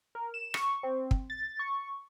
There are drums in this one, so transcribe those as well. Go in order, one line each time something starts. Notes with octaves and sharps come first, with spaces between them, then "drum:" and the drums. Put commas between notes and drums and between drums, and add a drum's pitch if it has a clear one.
A#4
E7
C#6, drum: rim click
C4
drum: kick
A6
C#6